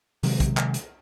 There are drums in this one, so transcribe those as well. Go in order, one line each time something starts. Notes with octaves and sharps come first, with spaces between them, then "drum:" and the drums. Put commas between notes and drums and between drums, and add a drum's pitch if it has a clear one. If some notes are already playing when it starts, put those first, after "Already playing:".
C3 D#3 F#3 G#3, drum: open hi-hat
drum: kick A#1, hi-hat
drum: clap
drum: hi-hat